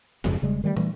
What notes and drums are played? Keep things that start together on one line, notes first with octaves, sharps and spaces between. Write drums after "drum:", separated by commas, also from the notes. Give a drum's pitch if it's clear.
F#1 F2 G#2 C#3, drum: snare
E1 C#3 G3 G#3
D#3 F#3 G3 A3
E3 G3 A3, drum: tom